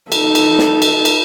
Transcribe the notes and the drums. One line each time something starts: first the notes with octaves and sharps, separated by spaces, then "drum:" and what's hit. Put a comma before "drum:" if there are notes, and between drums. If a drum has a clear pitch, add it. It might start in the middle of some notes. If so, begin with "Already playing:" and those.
D#4 A4, drum: cymbal
drum: cymbal
drum: snare
drum: cymbal
drum: cymbal